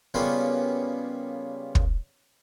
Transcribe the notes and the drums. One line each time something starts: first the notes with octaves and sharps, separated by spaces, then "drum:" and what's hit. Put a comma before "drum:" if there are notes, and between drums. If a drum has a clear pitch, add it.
C#3 G3 A#3 B3 C#4 F4
drum: kick